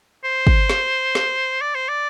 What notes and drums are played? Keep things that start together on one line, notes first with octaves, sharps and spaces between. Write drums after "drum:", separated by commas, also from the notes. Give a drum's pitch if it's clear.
C5
drum: kick
drum: snare
drum: snare
D5
C5
D5